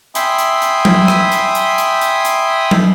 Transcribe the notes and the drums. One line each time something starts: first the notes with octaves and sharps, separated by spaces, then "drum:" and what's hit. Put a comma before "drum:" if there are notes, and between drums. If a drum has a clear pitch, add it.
E5 G5 G#5 B5 C6 D#6, drum: hi-hat
drum: hi-hat
drum: hi-hat
drum: tom F#3
drum: rim click
drum: hi-hat
drum: hi-hat
drum: hi-hat
drum: hi-hat
drum: hi-hat
drum: tom F#3